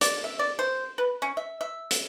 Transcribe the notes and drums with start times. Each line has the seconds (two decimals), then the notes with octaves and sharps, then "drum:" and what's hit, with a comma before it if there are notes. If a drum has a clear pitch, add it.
0.01 D5, drum: hi-hat
0.24 E5
0.39 D5
0.59 C5
0.98 B4
1.22 C#4
1.37 E5
1.61 E5
1.91 drum: hi-hat